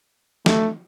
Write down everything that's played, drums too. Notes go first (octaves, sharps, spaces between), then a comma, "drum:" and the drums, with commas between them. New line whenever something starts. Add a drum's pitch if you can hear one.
A3, drum: snare